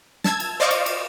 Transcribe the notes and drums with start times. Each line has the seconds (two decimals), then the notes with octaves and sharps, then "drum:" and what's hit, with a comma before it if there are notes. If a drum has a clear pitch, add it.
0.24 A5 E6 G#6, drum: snare
0.40 drum: cymbal
0.60 C5 D5 D#5 F5 C#6 D6
0.71 drum: cymbal
0.86 drum: cymbal